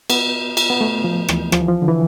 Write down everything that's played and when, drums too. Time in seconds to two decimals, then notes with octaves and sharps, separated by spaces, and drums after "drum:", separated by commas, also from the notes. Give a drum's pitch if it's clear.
0.10 B3, drum: cymbal
0.57 drum: cymbal
0.70 B3
0.81 A3
1.04 F3
1.28 E3, drum: rim click
1.52 F3, drum: rim click
1.61 E3
1.68 F3
1.82 D3
1.88 E3